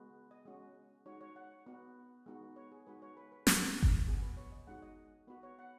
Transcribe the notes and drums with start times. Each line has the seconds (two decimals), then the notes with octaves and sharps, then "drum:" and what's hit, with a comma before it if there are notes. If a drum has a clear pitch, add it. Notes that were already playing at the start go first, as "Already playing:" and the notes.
Already playing: G#3 B3 F#4
0.31 D#5
0.45 G#3 C#4 F#4
1.06 G#3 D#4 F#4 C#5
1.21 C#5
1.36 F#5
1.66 B3 F#4
2.26 G#3 B3 D#4 F#4
2.56 C#5
2.72 G#4
2.87 G#3 D#4 F#4 B4
3.02 C#5
3.17 B4
3.32 B4
3.47 B3 F#4 G#4, drum: snare
3.83 drum: kick G1
4.07 B3 F#4 G#4
4.22 B4
4.37 C#5
4.52 D#5
4.67 G#3 D#4 F#4 F#5
4.82 D#5
5.27 B3 F#4 B4
5.43 C#5
5.59 F#5